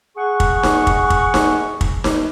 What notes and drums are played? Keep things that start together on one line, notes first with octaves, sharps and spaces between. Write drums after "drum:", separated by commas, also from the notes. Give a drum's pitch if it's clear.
G#4 F#5 C#6
drum: kick
drum: snare D#4
drum: kick
drum: kick
drum: snare D#4
drum: kick
drum: snare D#4